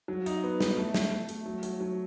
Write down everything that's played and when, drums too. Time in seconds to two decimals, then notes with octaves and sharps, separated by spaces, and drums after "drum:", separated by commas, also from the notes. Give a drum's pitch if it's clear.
0.08 F#3
0.26 D#4, drum: hi-hat
0.44 B3
0.61 F#3, drum: snare
0.78 A3
0.94 A3, drum: snare
1.11 A3
1.29 A3, drum: hi-hat
1.46 F#3
1.63 F#3, drum: hi-hat
1.81 F#3